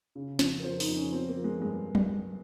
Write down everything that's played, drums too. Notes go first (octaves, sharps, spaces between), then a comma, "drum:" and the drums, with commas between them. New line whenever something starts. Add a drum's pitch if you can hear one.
C#3
F2, drum: snare
A#4
F3 C5
D#4, drum: open hi-hat
F2
C#4
F3 C4
A#3
F3
G#3
G2 G#3
drum: tom F#3